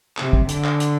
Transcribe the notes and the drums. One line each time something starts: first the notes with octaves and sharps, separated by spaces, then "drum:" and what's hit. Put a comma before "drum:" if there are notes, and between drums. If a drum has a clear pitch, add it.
C3, drum: clap
drum: kick
D3, drum: hi-hat
drum: clap
drum: hi-hat